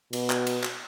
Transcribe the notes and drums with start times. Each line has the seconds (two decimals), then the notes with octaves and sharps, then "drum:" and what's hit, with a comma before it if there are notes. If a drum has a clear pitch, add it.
0.13 B2, drum: cymbal
0.30 drum: clap
0.47 drum: cymbal
0.63 drum: clap